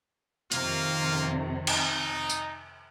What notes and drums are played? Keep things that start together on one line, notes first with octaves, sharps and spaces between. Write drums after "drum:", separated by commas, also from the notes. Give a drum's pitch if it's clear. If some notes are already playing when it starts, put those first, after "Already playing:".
F2 C3 D#3 A#3 F4, drum: hi-hat
D#4, drum: cymbal
drum: tambourine